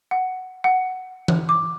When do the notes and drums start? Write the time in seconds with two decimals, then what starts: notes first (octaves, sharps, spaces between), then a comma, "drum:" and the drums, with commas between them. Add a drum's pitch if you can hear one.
0.11 F#5
0.64 F#5
1.28 drum: tom E3
1.49 D6